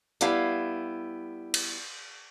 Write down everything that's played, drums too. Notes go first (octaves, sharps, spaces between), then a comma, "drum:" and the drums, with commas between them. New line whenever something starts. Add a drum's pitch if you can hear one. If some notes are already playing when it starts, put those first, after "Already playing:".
G3 B3 E4 F5, drum: hi-hat
drum: cymbal